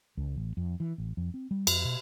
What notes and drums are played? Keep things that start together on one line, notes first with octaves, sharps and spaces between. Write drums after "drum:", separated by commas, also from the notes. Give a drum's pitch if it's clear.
C#2
A1
F2
E3
A1
F2
C4
G3
F2, drum: cymbal
B2